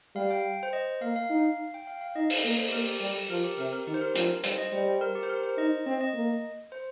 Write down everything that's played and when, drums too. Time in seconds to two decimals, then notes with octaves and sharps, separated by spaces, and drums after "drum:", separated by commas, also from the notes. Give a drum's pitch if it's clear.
0.15 G3 F5
0.30 G5
0.63 C5
0.73 D#5
1.01 A#3 F5
1.16 F5
1.30 D#4
1.74 G5
1.87 F5
2.01 F5
2.16 D#4 D#5
2.30 F5, drum: open hi-hat
2.44 A#3 D#5
2.59 C5
2.69 G4
2.72 A#3 A#4
2.87 G4
3.01 G3 G4
3.15 G4
3.30 F3 A#4
3.44 G4
3.58 C3 A#4
3.73 A#4
3.87 D#3 G4
3.94 C5
4.01 A#4
4.15 F3, drum: hi-hat
4.43 G3 C5, drum: hi-hat
4.58 D#5
4.72 G3 C5
5.01 A#4
5.15 G4
5.23 C5
5.29 A#4
5.43 C5
5.58 D#4 D#5
5.86 C4 D#5
6.01 D#5
6.14 A#3
6.72 C5